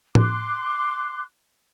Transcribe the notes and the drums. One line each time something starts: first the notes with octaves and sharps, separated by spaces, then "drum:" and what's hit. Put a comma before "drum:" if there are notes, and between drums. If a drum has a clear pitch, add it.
C6 D6 F#6, drum: tom A2